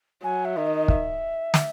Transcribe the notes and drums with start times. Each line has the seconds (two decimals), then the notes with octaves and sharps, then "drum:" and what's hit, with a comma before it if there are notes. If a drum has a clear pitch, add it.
0.23 F#3 G#5
0.45 E5
0.56 D#3
0.67 D#5
0.88 E5, drum: kick
1.54 drum: snare